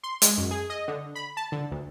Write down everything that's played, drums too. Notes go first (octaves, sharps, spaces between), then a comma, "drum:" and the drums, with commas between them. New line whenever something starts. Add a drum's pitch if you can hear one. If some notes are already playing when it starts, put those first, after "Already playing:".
C6
G#3, drum: hi-hat
F#2
G#4
D#5
D3
B5
A5
D3
D2